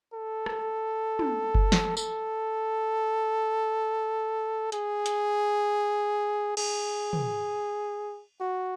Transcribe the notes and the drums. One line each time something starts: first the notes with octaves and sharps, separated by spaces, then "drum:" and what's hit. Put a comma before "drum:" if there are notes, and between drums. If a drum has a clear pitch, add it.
A4
drum: rim click
drum: tom
drum: kick F#1
drum: snare
A4, drum: tambourine
G#4, drum: hi-hat
drum: hi-hat
G#4, drum: cymbal
drum: tom
F#4